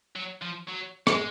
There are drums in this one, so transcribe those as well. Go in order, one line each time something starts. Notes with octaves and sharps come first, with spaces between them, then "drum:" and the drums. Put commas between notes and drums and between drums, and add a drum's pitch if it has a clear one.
F#3
F3
F#3
G#3, drum: rim click